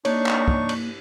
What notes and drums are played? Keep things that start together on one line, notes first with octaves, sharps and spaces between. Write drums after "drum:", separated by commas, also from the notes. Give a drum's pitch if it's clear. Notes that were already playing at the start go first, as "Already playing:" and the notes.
A#3 D4 D#4 C#5 C#6, drum: cymbal
drum: clap
drum: kick
drum: cymbal